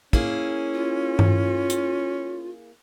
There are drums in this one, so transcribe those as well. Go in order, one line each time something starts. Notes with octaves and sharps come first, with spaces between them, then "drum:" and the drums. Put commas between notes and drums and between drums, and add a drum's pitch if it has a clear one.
A#3 C#4 E4 G#4, drum: kick
F4
drum: tom G2
drum: hi-hat